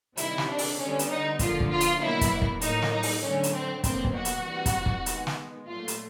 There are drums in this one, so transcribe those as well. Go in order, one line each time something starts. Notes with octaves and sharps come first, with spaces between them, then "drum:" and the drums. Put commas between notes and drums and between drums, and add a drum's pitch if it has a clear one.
C3 D#3 G3 E4, drum: hi-hat
drum: snare
D4
drum: open hi-hat
D3 G3 B3 C#4
drum: hi-hat
D#4
D3 F3 A#3 F4, drum: kick, hi-hat
drum: kick
F4
drum: hi-hat
B2 F#3 A#3 E4
drum: kick, hi-hat
drum: kick
A2 F#3 A#3 D#4, drum: hi-hat
drum: snare
D#4
drum: open hi-hat
D3 F#3 A3 C#4
drum: hi-hat
C4
B2 F#3 A#3 C4, drum: kick, hi-hat
drum: kick
F#4
drum: hi-hat
E3 G3 C4
drum: kick, hi-hat
drum: kick
D#3 G#3 B3, drum: hi-hat
drum: snare
A#2 F#3 A3 F4
drum: hi-hat